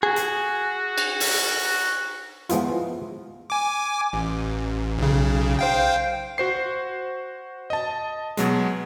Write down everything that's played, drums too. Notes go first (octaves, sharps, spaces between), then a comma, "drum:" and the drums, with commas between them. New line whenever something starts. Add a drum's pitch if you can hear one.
F#4 G#4
drum: hi-hat
drum: cymbal
drum: open hi-hat
F3 G#3 B3 E4 F4, drum: hi-hat
G#5 D6
A1
B1 C#3
C5 F5 G5
F#4 C5 C7
D#5 A5
B2 F#3 G#3, drum: hi-hat